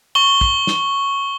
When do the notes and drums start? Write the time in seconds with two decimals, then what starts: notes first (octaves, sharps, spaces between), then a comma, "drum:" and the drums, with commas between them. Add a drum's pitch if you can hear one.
0.15 C#6 G7
0.41 drum: kick
0.67 drum: snare